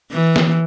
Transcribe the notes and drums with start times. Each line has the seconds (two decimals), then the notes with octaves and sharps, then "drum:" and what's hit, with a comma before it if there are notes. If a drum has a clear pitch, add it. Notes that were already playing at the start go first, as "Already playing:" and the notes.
0.12 E3
0.36 drum: snare